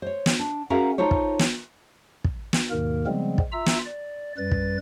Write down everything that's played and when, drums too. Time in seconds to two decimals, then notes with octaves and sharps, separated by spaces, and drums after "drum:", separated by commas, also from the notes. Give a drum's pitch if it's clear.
0.02 C5 C#5
0.26 drum: snare
0.39 D4
0.70 C#4 F#4 G#4 A#4 E5 F5
0.98 D#4 F4 A4 C5 C#5
1.11 drum: kick
1.39 drum: snare
2.24 drum: kick
2.53 drum: snare
2.71 D#2 G#2 B2 D#3 A#3 A#4
3.07 C#3 F3 G3 G#3 B3 C4
3.38 drum: kick
3.52 F4 E5 A#5 E6
3.66 drum: snare
3.86 D5
4.38 F#2 G3 B4 A6
4.51 drum: kick